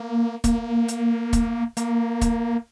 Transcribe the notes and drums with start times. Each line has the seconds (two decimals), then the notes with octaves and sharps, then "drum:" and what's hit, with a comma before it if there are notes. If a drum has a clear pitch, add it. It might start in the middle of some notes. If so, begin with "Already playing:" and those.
Already playing: A#3
0.44 A#3, drum: kick, hi-hat
0.88 drum: hi-hat
1.33 drum: kick, hi-hat
1.77 A#3, drum: hi-hat
2.21 drum: kick, hi-hat